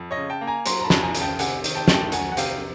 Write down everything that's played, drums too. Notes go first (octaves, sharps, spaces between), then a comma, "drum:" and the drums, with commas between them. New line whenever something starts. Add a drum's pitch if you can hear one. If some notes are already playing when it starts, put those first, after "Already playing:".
Already playing: F2
C#5 D#5
C#3
G5 A5
A#3
G#5 A#5
F#3 A#5 C6, drum: hi-hat
A#5
A5 B5
F2, drum: snare
G#5 A#5
C#3, drum: hi-hat
G5 A5
C3 F#5 G#5, drum: hi-hat
D#3, drum: hi-hat
G5 A5
A3, drum: snare
G5 A5
F#3 F#5 G#5, drum: hi-hat
F#5
C3 F5 G5, drum: hi-hat